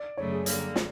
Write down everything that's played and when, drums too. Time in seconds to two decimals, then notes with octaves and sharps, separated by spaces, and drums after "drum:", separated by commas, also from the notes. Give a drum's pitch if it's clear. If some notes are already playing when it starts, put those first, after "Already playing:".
Already playing: D5
0.17 F#2 C#3 F#3 A3 C#5
0.32 G#4
0.46 D3 G3 A#3, drum: hi-hat
0.76 drum: snare